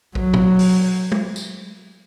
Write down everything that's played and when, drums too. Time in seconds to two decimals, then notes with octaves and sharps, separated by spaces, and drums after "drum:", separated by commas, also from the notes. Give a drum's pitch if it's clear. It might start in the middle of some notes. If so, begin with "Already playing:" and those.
0.15 F#3, drum: kick A#1
0.34 drum: tom
0.59 drum: open hi-hat
1.12 drum: tom
1.36 drum: tambourine